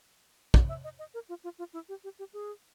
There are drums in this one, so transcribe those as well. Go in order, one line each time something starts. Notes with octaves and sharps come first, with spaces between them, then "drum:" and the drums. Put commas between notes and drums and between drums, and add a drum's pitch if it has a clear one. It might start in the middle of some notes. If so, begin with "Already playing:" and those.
D5, drum: kick
E5
D#5
D#5
A#4
F4
F4
F4
E4
G4
G4
G4
G#4